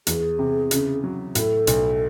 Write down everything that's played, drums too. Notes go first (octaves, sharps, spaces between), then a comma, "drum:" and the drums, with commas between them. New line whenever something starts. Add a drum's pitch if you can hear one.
E2 G#4, drum: hi-hat
C3
C#3, drum: hi-hat
F#3
A2 A4, drum: hi-hat
B1, drum: hi-hat